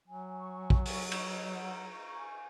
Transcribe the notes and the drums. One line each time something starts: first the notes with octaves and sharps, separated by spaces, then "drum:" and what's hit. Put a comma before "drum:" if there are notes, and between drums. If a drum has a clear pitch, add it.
F#3 G#5
C#6
G#5
drum: kick A#1
C#6, drum: open hi-hat
D#5, drum: cymbal
F#5
A#5
C#6
G#5